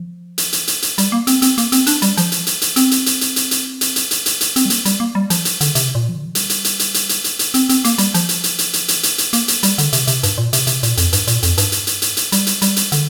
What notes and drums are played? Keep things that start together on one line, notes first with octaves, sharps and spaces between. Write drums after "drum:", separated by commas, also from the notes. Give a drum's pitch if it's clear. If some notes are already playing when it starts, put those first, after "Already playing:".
Already playing: F3
drum: hi-hat
drum: hi-hat
drum: hi-hat
drum: hi-hat
G3, drum: hi-hat
A#3
C4, drum: hi-hat
C4, drum: hi-hat
A#3, drum: hi-hat
C4, drum: hi-hat
D4, drum: hi-hat
G3, drum: hi-hat
F3, drum: hi-hat
drum: hi-hat
drum: hi-hat
drum: hi-hat
C4, drum: hi-hat
drum: hi-hat
drum: hi-hat
drum: hi-hat
drum: hi-hat
drum: hi-hat
drum: hi-hat
drum: hi-hat
drum: hi-hat
drum: hi-hat
drum: hi-hat
C4, drum: hi-hat
G3
A#3, drum: hi-hat
G3, drum: hi-hat
A#3
G3
F3, drum: hi-hat
drum: hi-hat
D3, drum: hi-hat
C3, drum: hi-hat
A#2
F3
D3
F3
G3, drum: hi-hat
drum: hi-hat
drum: hi-hat
drum: hi-hat
drum: hi-hat
drum: hi-hat
drum: hi-hat
drum: hi-hat
C4, drum: hi-hat
C4, drum: hi-hat
A#3, drum: hi-hat
G3, drum: hi-hat
F3, drum: hi-hat
drum: hi-hat
drum: hi-hat
drum: hi-hat
drum: hi-hat
drum: hi-hat
drum: hi-hat
drum: hi-hat
A#3, drum: hi-hat
drum: hi-hat
G3, drum: hi-hat
D3, drum: hi-hat
C3, drum: hi-hat
C3, drum: hi-hat
G2, drum: hi-hat
A#2
C3, drum: hi-hat
C3, drum: hi-hat
A#2, drum: hi-hat
F2, drum: hi-hat
G2, drum: hi-hat
A#2, drum: hi-hat
F2, drum: hi-hat
G2, drum: hi-hat
drum: hi-hat
drum: hi-hat
drum: hi-hat
drum: hi-hat
G3, drum: hi-hat
drum: hi-hat
G3, drum: hi-hat
drum: hi-hat
D3, drum: hi-hat